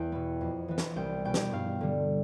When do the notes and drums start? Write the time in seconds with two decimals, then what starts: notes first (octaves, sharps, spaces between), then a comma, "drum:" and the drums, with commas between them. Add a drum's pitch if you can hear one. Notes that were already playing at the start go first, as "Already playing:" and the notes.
Already playing: E2 G5
0.12 B2 B3
0.41 F2
0.68 E3 B3
0.78 drum: snare
0.96 C2 G5
1.25 B2 B3 G5
1.34 drum: snare
1.52 G2 F5
1.81 D3 G3